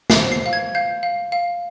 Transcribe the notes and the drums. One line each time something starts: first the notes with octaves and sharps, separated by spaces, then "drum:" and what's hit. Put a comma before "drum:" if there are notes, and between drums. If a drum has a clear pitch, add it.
C7, drum: snare
C5
C7
F5
G#6
F5 G6
F5
F5